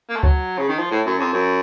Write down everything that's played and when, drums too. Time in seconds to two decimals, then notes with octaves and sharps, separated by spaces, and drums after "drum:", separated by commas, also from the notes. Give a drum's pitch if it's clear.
0.10 A#3
0.16 A3
0.23 F#3, drum: kick C#2
0.58 C#3
0.69 D#3
0.78 F3
0.91 A2
1.06 F#2
1.19 F2
1.33 F#2